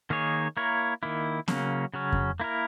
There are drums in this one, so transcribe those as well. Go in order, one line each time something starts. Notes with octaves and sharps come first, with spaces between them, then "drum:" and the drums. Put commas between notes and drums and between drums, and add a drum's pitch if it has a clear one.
D#3 A#3 D#4 G#4 C#5
A#3 E4 A#4 C#5
D#3 A#3 E4
C#3 F#3 A#3 C#4, drum: snare B3
C#3 F#3 C#4
drum: kick F2
A#3 E4 A#4